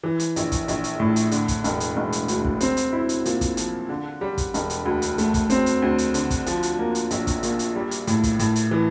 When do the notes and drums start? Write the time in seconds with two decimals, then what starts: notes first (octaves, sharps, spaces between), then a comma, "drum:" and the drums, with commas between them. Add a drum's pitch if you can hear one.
0.04 E3
0.20 drum: hi-hat
0.36 A#1, drum: hi-hat
0.52 drum: kick, hi-hat
0.68 A#1, drum: hi-hat
0.84 drum: hi-hat
1.00 A2
1.16 drum: hi-hat
1.31 D3, drum: hi-hat
1.48 drum: kick, hi-hat
1.64 E1, drum: hi-hat
1.80 drum: hi-hat
1.97 E1
2.12 drum: hi-hat
2.28 D2, drum: hi-hat
2.45 drum: kick
2.60 C4, drum: hi-hat
2.77 drum: hi-hat
2.93 E4
3.09 drum: hi-hat
3.25 A#2, drum: hi-hat
3.41 drum: kick, hi-hat
3.57 F3, drum: hi-hat
3.89 D3
4.21 G3
4.38 drum: kick, hi-hat
4.54 E1, drum: hi-hat
4.70 drum: hi-hat
4.86 D2
5.02 drum: hi-hat
5.18 A3, drum: hi-hat
5.34 drum: kick, hi-hat
5.50 C4, drum: hi-hat
5.66 drum: hi-hat
5.82 D2
5.98 drum: hi-hat
6.14 D3, drum: hi-hat
6.30 drum: kick, hi-hat
6.46 F3, drum: hi-hat
6.63 drum: hi-hat
6.79 A#3
6.95 drum: hi-hat
7.11 A#1, drum: hi-hat
7.27 drum: kick, hi-hat
7.43 A#2, drum: hi-hat
7.59 drum: hi-hat
7.76 G3
7.91 drum: hi-hat
8.07 A2, drum: hi-hat
8.23 drum: kick, hi-hat
8.39 A2, drum: hi-hat
8.56 drum: hi-hat
8.71 E3